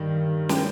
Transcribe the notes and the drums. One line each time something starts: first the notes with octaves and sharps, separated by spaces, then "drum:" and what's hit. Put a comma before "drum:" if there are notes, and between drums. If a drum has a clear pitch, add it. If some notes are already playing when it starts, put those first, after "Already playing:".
Already playing: G2 D#3
G5, drum: snare